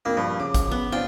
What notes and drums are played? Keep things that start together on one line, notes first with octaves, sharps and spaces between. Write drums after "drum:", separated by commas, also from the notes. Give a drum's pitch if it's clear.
A#1 F2 A#3
G2 F3
C#3 D6
drum: kick A1, hi-hat
B3
C4 D4 F4 G5